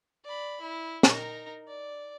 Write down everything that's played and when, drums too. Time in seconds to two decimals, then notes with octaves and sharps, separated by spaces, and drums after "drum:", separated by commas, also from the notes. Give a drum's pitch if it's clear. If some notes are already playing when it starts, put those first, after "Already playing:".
0.24 D5 B5
0.61 E4
1.03 D#4 A#4, drum: snare
1.67 D5